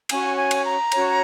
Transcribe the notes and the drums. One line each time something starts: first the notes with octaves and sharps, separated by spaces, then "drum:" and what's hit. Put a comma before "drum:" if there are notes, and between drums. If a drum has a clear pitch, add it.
C#4 F#4 C#5 G#5, drum: cymbal
G#5
drum: cymbal
A#5
C#4 F#4 C#5, drum: cymbal